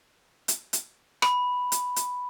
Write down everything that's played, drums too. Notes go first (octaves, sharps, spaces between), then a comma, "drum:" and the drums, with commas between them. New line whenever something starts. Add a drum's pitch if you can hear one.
drum: hi-hat
drum: hi-hat
B5, drum: rim click
drum: hi-hat
drum: hi-hat